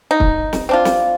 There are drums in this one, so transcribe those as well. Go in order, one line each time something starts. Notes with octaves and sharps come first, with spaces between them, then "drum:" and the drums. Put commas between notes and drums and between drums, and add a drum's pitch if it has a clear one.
D#4
drum: kick
drum: snare
C4 D4 F4
drum: snare